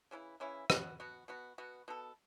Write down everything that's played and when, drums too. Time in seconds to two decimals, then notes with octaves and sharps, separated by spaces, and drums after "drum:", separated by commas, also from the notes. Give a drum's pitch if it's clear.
0.11 C#3 E3 C#4 E4
0.40 C#3 E3 C#4 E4
0.70 B2 B3 F#4, drum: rim click
1.00 B2 B3 F#4
1.28 B2 B3 F#4
1.58 B2 B3 F#4
1.88 B2 B3 A4